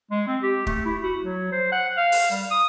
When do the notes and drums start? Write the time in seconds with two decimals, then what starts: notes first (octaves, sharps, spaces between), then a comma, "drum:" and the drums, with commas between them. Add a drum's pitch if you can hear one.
0.11 G#3
0.27 C4
0.43 G4
0.67 A3, drum: kick
0.85 E4
1.02 F#4
1.22 F#3
1.52 C5
1.72 F#5
1.97 F5
2.12 drum: open hi-hat
2.30 G3
2.51 D#6